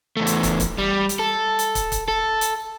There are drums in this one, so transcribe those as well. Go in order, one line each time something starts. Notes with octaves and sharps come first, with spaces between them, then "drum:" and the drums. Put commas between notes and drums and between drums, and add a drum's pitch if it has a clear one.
E2 A3
drum: hi-hat
drum: kick, hi-hat
drum: kick, hi-hat
G3
drum: hi-hat
A4
drum: hi-hat
drum: kick, hi-hat
drum: kick, hi-hat
A4
drum: hi-hat